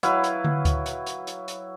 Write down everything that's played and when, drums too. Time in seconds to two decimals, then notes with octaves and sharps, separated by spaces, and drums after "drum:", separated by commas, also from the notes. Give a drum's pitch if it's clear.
0.03 F#3 E4 B4 F5, drum: hi-hat
0.24 drum: hi-hat
0.44 drum: tom D3
0.65 drum: kick D2, hi-hat
0.86 drum: hi-hat
1.07 drum: hi-hat
1.27 drum: hi-hat
1.48 drum: hi-hat